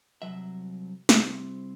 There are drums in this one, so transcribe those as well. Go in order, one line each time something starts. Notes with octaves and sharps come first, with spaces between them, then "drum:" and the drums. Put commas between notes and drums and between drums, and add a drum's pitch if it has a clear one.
C2 C3 F#3 E5
C3 G3 C4 E4, drum: snare